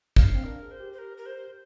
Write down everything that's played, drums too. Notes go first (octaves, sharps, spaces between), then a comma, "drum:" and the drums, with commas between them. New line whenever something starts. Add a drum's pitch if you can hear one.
D4 F5, drum: kick
C4
D4 A#4
G#4
C5
G4
C5
A#4
A#4
C5